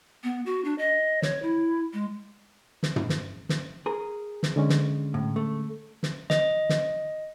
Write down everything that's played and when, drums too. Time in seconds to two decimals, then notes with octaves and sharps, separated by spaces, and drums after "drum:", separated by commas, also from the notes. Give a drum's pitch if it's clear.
0.24 B3
0.46 F#4
0.65 D4
0.78 D#5
1.22 C#5, drum: snare
1.42 E4
1.93 G#3
2.83 drum: snare
2.96 drum: tom
3.09 drum: snare
3.49 drum: snare
3.86 G#4 A#4
4.43 drum: snare
4.56 D3 G#3 C#4
4.69 drum: snare
5.14 A2
5.36 A3
6.03 drum: snare
6.30 D#5, drum: snare
6.69 drum: snare